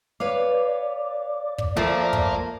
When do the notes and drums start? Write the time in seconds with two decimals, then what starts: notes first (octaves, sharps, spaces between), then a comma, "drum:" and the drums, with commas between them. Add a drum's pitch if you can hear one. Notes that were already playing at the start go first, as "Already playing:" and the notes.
0.20 B4 C#5 D5 F5
1.58 drum: kick
1.77 F3 A3 A#3 A#4
2.13 drum: kick